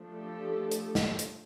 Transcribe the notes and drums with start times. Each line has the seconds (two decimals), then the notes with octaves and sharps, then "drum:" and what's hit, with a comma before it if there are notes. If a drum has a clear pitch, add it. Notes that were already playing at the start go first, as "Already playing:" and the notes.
Already playing: F3 A3 D4
0.12 G4 A4
0.72 drum: hi-hat
0.95 drum: snare
1.19 drum: hi-hat